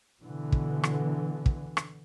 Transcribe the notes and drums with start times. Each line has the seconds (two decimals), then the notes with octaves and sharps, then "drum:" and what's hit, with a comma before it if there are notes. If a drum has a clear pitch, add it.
0.21 B2 D3 E3
0.52 drum: kick
0.83 drum: rim click
1.46 drum: kick
1.77 drum: rim click